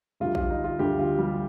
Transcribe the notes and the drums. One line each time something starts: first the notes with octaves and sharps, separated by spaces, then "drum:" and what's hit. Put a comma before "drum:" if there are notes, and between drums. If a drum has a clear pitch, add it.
D2 D3 G3 F4
F4, drum: kick A1
D#4
F4
D2 D3 G3 G4
F4
G3